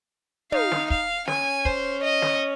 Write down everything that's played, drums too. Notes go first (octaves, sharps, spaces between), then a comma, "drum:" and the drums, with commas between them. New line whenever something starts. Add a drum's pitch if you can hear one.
D#4 F5, drum: tom
drum: snare
F5, drum: kick
C#4 G#5, drum: snare
C5, drum: kick
D#5
drum: snare